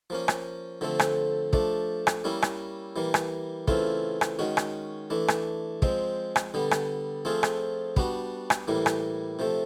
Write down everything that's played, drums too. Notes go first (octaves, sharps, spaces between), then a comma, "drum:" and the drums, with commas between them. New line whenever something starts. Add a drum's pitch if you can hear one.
F3 A#3 C#4
drum: rim click
D3 F3 A3 C4
drum: rim click
F3 A3 D4, drum: kick
drum: rim click
G3 A#3 C#4 E4
drum: rim click
E3 G3 A#3
drum: rim click
C#3 E3 A3 C4 F4, drum: kick
drum: rim click
D#3 G#3 C#4 F#4
drum: rim click
E3 A3 D4
drum: rim click
F3 G#3 C4, drum: kick
drum: rim click
D3 G3 B3
drum: rim click
F3 A3 C4 F4 G#4
drum: rim click
G3 B3 D4 F#4, drum: kick
drum: rim click
A2 E3 G3 A#3
drum: rim click
C3 F3 A3